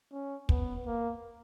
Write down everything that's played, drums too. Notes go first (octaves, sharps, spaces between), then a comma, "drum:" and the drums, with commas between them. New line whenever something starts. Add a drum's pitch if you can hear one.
C#4
B3, drum: kick
A#3